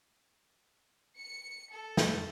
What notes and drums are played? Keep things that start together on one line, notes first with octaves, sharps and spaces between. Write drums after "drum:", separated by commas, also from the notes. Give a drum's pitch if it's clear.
C#7
A4
drum: snare